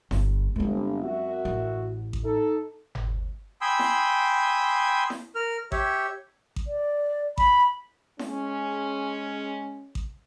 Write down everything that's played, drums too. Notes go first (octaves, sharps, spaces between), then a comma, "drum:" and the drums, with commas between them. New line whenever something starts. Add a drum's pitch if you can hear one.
G1, drum: snare E4
G1 G#3 C4
F#2 F#4 E5
A1
drum: kick A1
D#4 A4
drum: tom G1
G5 G#5 B5 C6 D#6 E6
drum: snare E4
drum: snare E4
A#4 F6
G4 C#5 E5, drum: kick A1
drum: kick A1
D5
B5, drum: kick A1
G#3 C#4, drum: snare E4
drum: kick A1